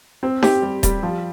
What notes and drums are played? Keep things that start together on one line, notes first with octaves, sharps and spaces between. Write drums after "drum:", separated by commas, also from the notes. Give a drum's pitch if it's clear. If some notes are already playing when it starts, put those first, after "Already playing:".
C4
G4, drum: snare D#4
G3
G3, drum: kick D#1, hi-hat
F3